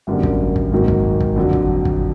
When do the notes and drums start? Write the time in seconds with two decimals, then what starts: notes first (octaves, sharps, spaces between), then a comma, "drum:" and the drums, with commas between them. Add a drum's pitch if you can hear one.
0.07 G#1 F#2 D3 G3 A#3
0.23 drum: kick
0.56 drum: kick
0.72 G#1 G#2 D#3 F#3 A#3
0.88 drum: kick
1.21 drum: kick
1.36 F2 D3 F#3
1.53 drum: kick
1.85 drum: kick